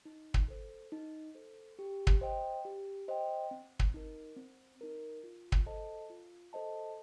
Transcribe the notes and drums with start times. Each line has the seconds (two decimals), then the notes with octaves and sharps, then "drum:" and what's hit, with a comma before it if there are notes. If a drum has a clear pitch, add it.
0.05 D#4
0.34 drum: kick
0.48 A4 C5
0.92 D#4
1.35 A4 C5
1.79 G4
2.07 drum: kick
2.21 C5 D#5 G5
2.65 G4
3.08 C5 D#5 G5
3.51 C4
3.80 drum: kick
3.94 D#4 A#4
4.36 C4
4.81 D#4 A#4
5.24 F4
5.52 drum: kick
5.66 A4 C5 D#5 A5
6.10 F4
6.53 A4 C5 D#5 A5